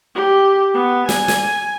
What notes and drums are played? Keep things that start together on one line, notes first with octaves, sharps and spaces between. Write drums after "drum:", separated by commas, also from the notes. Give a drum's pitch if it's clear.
G4
B3
G#5, drum: snare
drum: snare